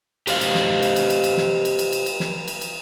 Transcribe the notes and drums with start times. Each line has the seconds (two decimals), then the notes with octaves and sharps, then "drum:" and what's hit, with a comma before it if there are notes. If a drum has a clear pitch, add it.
0.27 G4 C5 D#5 F5, drum: cymbal
0.41 drum: cymbal
0.55 drum: snare
0.82 drum: cymbal
0.96 drum: cymbal
1.10 drum: cymbal
1.24 drum: cymbal
1.37 drum: snare
1.65 drum: cymbal
1.79 drum: cymbal
1.93 drum: cymbal
2.06 drum: cymbal
2.20 drum: snare
2.48 drum: cymbal
2.61 drum: cymbal